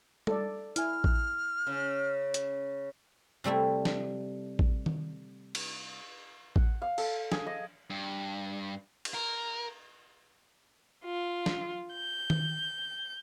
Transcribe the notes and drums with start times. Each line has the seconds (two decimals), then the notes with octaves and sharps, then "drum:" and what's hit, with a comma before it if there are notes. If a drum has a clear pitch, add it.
0.27 A4 D5, drum: tom
0.76 E4 G#5 F6, drum: hi-hat
1.04 drum: kick A1
1.67 C#3
2.34 drum: hi-hat
3.44 C3 G3 A3 E4
3.85 drum: snare
4.59 drum: kick A1
4.86 drum: tom D#3
5.55 drum: cymbal
6.56 F#5, drum: kick A1
6.82 F5
6.98 A4, drum: cymbal
7.32 G#4, drum: snare
7.47 D#5
7.90 G2
9.05 drum: cymbal
9.14 A#4
11.04 F4
11.46 drum: snare
11.93 G6
12.30 drum: tom D#3